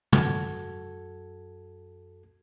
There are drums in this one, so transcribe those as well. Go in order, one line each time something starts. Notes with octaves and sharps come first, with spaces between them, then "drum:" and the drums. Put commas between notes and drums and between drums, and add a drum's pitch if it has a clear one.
F#2 F#4 A4 G#6, drum: tom